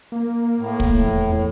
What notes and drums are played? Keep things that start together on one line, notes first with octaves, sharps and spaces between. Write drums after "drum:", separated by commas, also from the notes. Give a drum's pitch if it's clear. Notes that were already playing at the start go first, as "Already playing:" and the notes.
A#3
A#3
A2
drum: kick
E2
E2